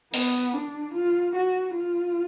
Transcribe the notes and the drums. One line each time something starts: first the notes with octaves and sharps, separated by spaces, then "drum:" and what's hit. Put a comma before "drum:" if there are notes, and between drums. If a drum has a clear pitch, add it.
B3, drum: open hi-hat
D4
F4
F#4
F4